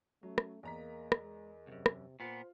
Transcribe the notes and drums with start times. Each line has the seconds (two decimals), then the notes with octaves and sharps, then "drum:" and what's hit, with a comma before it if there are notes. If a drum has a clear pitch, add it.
0.23 F#3 A3 C#4
0.38 drum: rim click
0.63 E2 A#3 G#4 A#4 D#5 A#5 B6
1.12 drum: rim click
1.22 G#3
1.67 C#2 F#2 C3
1.86 drum: rim click
2.20 A#2 B3 F4 C5